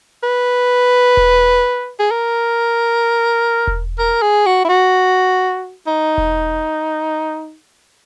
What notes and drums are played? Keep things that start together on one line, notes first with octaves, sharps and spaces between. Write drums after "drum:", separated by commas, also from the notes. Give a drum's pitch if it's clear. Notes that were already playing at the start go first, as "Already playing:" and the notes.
B4
drum: kick E1
G#4
A#4
drum: kick E1
A#4
G#4
F#4
E4
F#4
D#4
drum: kick E1